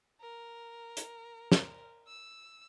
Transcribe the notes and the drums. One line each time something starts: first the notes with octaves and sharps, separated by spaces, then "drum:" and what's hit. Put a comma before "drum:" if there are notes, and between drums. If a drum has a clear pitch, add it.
A#4
drum: hi-hat
drum: snare
E6